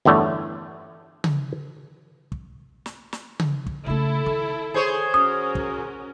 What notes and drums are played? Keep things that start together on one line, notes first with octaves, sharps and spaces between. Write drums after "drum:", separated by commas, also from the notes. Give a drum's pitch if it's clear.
G1 E2 D3 A3 C#5
drum: tom C#3
drum: kick
drum: snare
drum: snare
drum: tom C#3
drum: kick
C#3 A3 E4 A4
D#3
G#4 C5 C#5
C#4 F#4 A#4 D#6
drum: kick